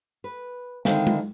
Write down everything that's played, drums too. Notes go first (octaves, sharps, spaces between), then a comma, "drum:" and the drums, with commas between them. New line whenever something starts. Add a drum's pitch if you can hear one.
B4
D3 D#3 G#3 C4 E4 F5, drum: snare
drum: tom G#3